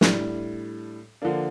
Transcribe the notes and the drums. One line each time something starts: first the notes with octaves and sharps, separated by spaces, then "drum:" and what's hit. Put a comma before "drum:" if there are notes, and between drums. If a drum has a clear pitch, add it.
A2 G3 D4, drum: snare
D3 F3 A#3 D4